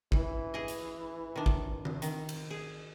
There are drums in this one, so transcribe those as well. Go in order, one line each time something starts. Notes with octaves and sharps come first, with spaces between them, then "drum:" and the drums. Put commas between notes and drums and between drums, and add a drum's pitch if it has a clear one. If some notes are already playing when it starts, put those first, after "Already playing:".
E3, drum: kick
G#4 D#5
drum: hi-hat
D#3 D4
drum: kick
drum: tom D#3
D#3, drum: hi-hat
drum: cymbal
G#4